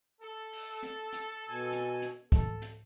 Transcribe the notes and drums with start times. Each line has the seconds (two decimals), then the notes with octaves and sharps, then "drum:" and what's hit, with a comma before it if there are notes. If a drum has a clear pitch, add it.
0.21 A4
0.53 drum: open hi-hat
0.83 drum: hi-hat
1.13 drum: hi-hat
1.48 B2 G#5
1.72 drum: hi-hat
2.02 drum: hi-hat
2.32 A4, drum: kick C#2, hi-hat
2.62 drum: hi-hat